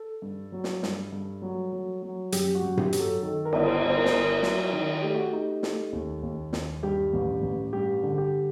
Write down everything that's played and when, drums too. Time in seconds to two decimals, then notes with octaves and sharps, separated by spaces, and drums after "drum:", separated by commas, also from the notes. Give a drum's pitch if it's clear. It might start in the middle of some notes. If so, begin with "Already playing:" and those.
Already playing: A4
0.22 G2
0.52 F#3
0.64 drum: snare
0.83 G2, drum: snare
1.12 G2
1.42 F#3
1.73 F#3
2.02 F#3
2.32 F#2 G4, drum: hi-hat
2.55 F#4
2.62 F#2
2.77 G4, drum: tom G2
2.93 F#3, drum: hi-hat
3.00 A4
3.22 D#3 A4
3.45 A#4
3.53 G1, drum: cymbal
3.68 C5
3.82 G1
3.90 C5
3.97 A#4
4.06 C5, drum: snare
4.12 G1 A#4
4.43 F#3, drum: snare
4.73 D#3
5.02 A3 G4
5.14 F#4
5.27 G4
5.33 D#4
5.63 A3, drum: snare
5.93 D#2
6.23 D#2
6.53 D#2, drum: snare
6.83 G2 G4
7.13 A1
7.42 A1
7.73 G2 G4
8.03 D3
8.18 G4